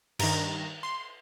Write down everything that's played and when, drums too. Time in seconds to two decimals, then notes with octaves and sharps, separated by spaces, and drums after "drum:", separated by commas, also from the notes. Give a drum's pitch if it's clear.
0.19 G2 D#3 A#5, drum: cymbal
0.83 C6